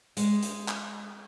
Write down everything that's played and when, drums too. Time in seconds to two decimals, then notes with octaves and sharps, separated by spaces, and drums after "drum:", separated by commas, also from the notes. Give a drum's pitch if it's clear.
0.17 G#3, drum: hi-hat
0.42 drum: hi-hat
0.68 drum: clap